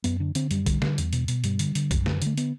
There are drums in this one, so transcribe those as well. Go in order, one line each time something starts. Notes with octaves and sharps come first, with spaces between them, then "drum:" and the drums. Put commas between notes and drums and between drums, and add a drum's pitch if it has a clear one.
F#2 B3, drum: hi-hat
D3 D4
D3 C4, drum: hi-hat
F#2 G3, drum: hi-hat
D3, drum: kick B1, hi-hat
D3, drum: snare
E2, drum: hi-hat
B2, drum: hi-hat
B2, drum: hi-hat
G2 G3, drum: hi-hat
D3, drum: hi-hat
D3, drum: hi-hat
F#2, drum: kick B1, hi-hat
D3, drum: snare
D3 A3, drum: hi-hat
B3, drum: hi-hat